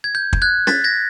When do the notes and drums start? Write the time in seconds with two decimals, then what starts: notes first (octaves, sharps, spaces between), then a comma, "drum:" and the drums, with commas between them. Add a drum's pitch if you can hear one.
0.04 G#6
0.15 G6
0.33 drum: kick
0.42 F#6 G#6
0.67 A6 B6, drum: snare
0.84 G#6 A#6